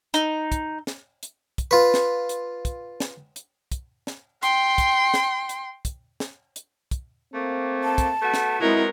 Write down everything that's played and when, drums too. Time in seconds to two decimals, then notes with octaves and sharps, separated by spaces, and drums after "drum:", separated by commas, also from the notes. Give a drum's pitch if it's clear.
0.14 D#4, drum: hi-hat
0.52 drum: kick, hi-hat
0.87 drum: snare
1.23 drum: hi-hat
1.58 drum: kick, hi-hat
1.71 F4 B4
1.94 drum: snare
2.29 drum: hi-hat
2.65 drum: kick, hi-hat
3.00 drum: snare
3.36 drum: hi-hat
3.72 drum: kick, hi-hat
4.07 drum: snare
4.43 G5 C6, drum: hi-hat
4.78 drum: kick, hi-hat
5.14 drum: snare
5.49 drum: hi-hat
5.85 drum: kick, hi-hat
6.20 drum: snare
6.56 drum: hi-hat
6.91 drum: kick, hi-hat
7.33 A3 A#3 C4
7.84 A5
7.98 drum: kick, hi-hat
8.22 A3 B3 F#4
8.34 drum: snare
8.61 F#3 G#3 B3 C4 D#4 E4 A#4